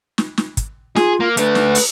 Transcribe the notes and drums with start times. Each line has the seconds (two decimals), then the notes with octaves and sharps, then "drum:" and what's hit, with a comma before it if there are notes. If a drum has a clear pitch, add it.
0.18 drum: snare
0.38 drum: snare
0.57 drum: kick, hi-hat
0.96 F4 G#4, drum: snare
1.20 A#3
1.37 A3 D4 B4, drum: hi-hat
1.55 drum: snare
1.75 drum: open hi-hat